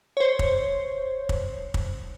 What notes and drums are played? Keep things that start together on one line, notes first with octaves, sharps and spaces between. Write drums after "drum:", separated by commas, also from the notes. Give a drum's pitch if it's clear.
C5 C#5
drum: kick
drum: kick
drum: kick